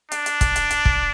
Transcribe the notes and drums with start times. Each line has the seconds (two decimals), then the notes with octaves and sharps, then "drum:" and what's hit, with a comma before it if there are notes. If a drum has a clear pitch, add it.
0.12 D4, drum: hi-hat
0.26 drum: hi-hat
0.41 drum: kick, hi-hat
0.56 drum: hi-hat
0.71 drum: hi-hat
0.85 drum: kick